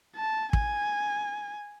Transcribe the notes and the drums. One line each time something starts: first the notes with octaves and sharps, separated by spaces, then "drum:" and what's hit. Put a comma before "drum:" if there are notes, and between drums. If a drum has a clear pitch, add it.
A5
G#5, drum: kick